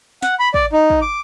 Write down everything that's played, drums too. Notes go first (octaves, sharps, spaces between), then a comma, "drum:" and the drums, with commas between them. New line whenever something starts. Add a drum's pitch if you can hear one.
F#5, drum: snare
B5
D5, drum: kick
D#4
drum: kick
D6